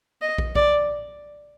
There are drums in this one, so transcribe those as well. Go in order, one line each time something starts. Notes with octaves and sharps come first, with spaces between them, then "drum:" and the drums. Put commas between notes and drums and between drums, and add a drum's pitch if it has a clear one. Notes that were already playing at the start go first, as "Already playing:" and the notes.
D#5
drum: kick
D5, drum: kick